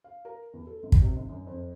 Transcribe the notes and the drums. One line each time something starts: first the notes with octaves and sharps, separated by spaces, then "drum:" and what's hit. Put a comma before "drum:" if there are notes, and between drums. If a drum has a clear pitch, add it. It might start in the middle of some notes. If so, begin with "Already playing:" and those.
F5
A#4
E2
A4
G#1
drum: kick
C3
G#1
F#2
F2